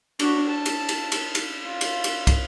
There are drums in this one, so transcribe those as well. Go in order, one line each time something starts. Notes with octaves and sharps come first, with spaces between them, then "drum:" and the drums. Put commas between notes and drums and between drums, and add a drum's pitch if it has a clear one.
D4 F#4, drum: cymbal
A5
drum: cymbal
drum: cymbal
drum: cymbal
drum: cymbal
F4
drum: cymbal
drum: cymbal
drum: kick, cymbal